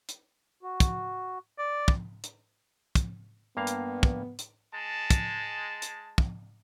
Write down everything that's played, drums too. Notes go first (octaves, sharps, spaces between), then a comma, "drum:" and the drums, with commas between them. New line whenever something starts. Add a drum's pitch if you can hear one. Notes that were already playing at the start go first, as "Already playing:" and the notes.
drum: hi-hat
F#4
drum: kick, hi-hat
D5
drum: kick
drum: hi-hat
drum: kick, hi-hat
G2 A#3 B3 F5
drum: hi-hat
drum: kick
drum: hi-hat
G#3 A5
drum: kick, hi-hat
drum: hi-hat
drum: kick